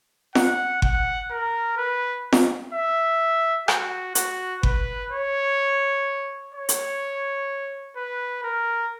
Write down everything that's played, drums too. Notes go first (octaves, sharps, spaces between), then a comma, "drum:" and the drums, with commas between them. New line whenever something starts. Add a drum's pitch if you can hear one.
F#5, drum: snare
F#5, drum: kick G1
A#4
B4
drum: snare
E5
F#4, drum: rim click
F#4, drum: hi-hat
B4, drum: kick G1
C#5
C#5
drum: hi-hat
B4
A#4